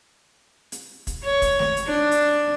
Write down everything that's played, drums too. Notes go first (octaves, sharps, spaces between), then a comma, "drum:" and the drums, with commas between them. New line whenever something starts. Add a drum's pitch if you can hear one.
drum: hi-hat
drum: kick, hi-hat
C#5
drum: kick, hi-hat
drum: snare A3
drum: hi-hat
D4
drum: hi-hat